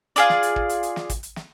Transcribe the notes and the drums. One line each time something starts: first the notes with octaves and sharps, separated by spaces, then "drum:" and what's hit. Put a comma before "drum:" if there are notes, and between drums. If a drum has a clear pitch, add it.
F4 G#4 D5, drum: hi-hat
drum: snare
drum: hi-hat
drum: kick
drum: hi-hat
drum: hi-hat
drum: snare
drum: kick, hi-hat
drum: hi-hat
drum: snare